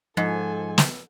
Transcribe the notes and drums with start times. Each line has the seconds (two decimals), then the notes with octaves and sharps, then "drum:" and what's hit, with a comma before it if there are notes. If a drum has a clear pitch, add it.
0.17 G#2 F3 A4 G#5
0.78 drum: snare